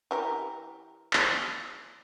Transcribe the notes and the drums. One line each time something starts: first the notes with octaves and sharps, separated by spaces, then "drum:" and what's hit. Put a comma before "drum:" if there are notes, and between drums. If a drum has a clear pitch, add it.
E3 G4 A#4
drum: clap